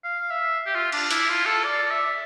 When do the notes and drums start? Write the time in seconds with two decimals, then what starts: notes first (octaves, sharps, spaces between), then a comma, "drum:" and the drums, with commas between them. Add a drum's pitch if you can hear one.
0.04 F5
0.30 E5
0.66 G4
0.75 F4
0.92 D4, drum: cymbal
1.11 E4, drum: hi-hat
1.29 F4
1.46 A4
1.64 D5
1.91 E5